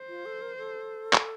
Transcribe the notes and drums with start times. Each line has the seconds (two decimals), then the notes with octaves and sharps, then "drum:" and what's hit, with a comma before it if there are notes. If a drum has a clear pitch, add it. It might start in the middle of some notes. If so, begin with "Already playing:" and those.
Already playing: C5
0.08 F4
0.26 A4
0.42 A#4
0.58 A4
1.13 drum: clap